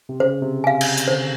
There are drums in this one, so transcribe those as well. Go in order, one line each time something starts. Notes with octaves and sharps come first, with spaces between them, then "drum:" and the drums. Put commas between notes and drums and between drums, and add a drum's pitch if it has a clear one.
C3
C#3 C5
C3
C3 F5 G#5
drum: cymbal
drum: hi-hat
D3 C5